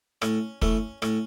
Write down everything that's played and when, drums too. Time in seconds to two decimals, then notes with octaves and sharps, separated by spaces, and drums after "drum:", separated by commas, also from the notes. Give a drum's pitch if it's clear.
0.22 A2 C#4, drum: rim click
0.62 E3 A3 C#4, drum: kick
1.02 A2 C#4, drum: rim click